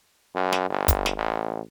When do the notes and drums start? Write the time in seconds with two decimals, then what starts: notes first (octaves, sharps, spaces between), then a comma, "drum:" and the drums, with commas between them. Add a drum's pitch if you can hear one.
0.35 F#2
0.53 drum: snare
0.70 G1
0.88 drum: kick, hi-hat
1.06 drum: snare
1.17 A1